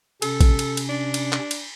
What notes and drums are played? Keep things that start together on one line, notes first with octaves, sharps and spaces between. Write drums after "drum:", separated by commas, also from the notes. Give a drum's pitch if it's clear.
C3 C#4 A4, drum: cymbal
drum: kick, cymbal
drum: cymbal
drum: cymbal
D4
drum: cymbal
drum: clap
drum: cymbal